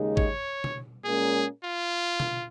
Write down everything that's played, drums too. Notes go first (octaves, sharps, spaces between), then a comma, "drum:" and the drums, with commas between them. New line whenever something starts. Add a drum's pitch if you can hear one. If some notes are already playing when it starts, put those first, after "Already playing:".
Already playing: D#2 C#3 G#3 D#4
C#5, drum: kick G#1
drum: tom B2
A#2 G#3 C#4 G#4 A#4
F4
drum: tom B2